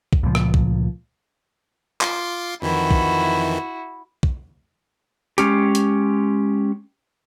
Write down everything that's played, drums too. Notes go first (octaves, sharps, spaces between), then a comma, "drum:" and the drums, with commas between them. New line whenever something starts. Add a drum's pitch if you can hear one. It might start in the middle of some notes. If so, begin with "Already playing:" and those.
drum: kick B1
C#2 A#2 F3
drum: rim click
drum: kick B1
F4 C6 D6, drum: clap
F2 D#3 E3 E4 F#4
drum: kick B1
drum: kick B1
G#3 C#4 G4, drum: hi-hat
drum: hi-hat